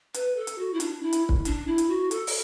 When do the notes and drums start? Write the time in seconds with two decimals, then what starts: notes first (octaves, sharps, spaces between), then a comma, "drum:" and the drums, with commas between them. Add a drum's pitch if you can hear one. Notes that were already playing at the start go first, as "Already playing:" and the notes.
0.14 B4, drum: hi-hat
0.36 A4
0.47 drum: hi-hat
0.58 F#4
0.73 E4
0.80 D4, drum: hi-hat
1.02 E4
1.13 drum: hi-hat
1.29 drum: kick
1.45 D4, drum: hi-hat
1.67 E4
1.78 drum: hi-hat
1.89 F#4
2.11 A4, drum: hi-hat
2.27 drum: open hi-hat